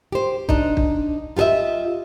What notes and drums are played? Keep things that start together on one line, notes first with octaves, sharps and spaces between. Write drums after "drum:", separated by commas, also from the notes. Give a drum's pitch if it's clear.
G4 C5
D4 D#4, drum: kick
drum: kick
F4 G4 A4 D#5 E5